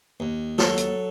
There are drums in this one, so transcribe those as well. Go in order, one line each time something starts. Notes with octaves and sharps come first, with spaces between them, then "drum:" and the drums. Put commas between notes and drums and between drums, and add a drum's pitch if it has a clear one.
D#2
F#3 A4, drum: snare
drum: hi-hat